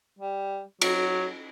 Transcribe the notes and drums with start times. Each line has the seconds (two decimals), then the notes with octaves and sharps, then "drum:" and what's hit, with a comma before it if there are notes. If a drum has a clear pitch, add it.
0.19 G3
0.82 F#3, drum: cymbal